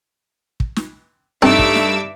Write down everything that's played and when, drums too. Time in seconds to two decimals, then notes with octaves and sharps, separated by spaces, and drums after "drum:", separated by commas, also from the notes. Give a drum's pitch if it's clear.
0.60 drum: kick
0.76 drum: snare
1.42 G2 A3 C4 D#4 E5 D6 E6
1.59 drum: kick
1.75 drum: snare